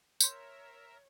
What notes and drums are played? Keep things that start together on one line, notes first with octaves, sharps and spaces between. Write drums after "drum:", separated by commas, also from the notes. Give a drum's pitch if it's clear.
A#4 C#5 E5 C6 G6, drum: tambourine